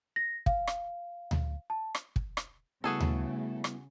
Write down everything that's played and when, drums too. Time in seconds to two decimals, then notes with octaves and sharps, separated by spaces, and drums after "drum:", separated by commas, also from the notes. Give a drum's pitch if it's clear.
0.16 A#6
0.46 F5, drum: kick
0.67 drum: rim click
1.31 drum: tom D2
1.70 A5
1.95 drum: rim click
2.16 drum: kick
2.37 drum: rim click
2.84 C#3 G3 A3 B3 E4 F#4 G#4 A4
3.00 drum: tom D2
3.64 drum: rim click